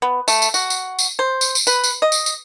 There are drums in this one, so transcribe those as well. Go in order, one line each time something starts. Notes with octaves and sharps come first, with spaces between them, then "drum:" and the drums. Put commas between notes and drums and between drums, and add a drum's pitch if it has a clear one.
B3
A3, drum: tambourine
drum: tambourine
F#4, drum: tambourine
drum: tambourine
drum: tambourine
C5
drum: tambourine
drum: tambourine
B4, drum: tambourine
drum: tambourine
D#5
drum: tambourine
drum: tambourine